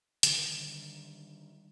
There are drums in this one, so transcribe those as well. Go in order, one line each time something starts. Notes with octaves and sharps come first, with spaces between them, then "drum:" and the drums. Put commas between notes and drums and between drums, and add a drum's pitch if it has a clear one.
D3 D#3 G3, drum: hi-hat